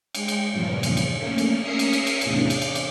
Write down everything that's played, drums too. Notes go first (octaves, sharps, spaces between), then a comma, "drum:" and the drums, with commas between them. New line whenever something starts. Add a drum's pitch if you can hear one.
G#3 G5, drum: cymbal
drum: cymbal
E2 G2 A#2 C#3 F3
drum: cymbal
drum: cymbal
A3 A#3 C#4
drum: cymbal
C#4 A#4 E5 D#6 C7 C#7
drum: cymbal
drum: cymbal
drum: cymbal
E2 A2 C3 D4, drum: cymbal
D6, drum: cymbal
drum: cymbal
drum: cymbal